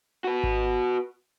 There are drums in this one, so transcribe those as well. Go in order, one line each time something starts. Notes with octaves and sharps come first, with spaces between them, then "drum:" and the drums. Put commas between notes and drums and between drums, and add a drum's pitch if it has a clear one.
F#4 B4
drum: kick G#1